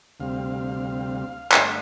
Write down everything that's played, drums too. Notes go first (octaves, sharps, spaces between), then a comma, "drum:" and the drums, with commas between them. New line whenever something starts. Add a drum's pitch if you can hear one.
D2 C3 G3 C4 F5
G2 D3 A3 D4, drum: clap